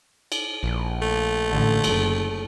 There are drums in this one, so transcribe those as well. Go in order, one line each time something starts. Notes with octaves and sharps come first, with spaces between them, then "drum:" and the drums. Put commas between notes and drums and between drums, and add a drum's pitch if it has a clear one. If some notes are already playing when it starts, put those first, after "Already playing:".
drum: cymbal
A#1
A3
A1 D3
F#1, drum: cymbal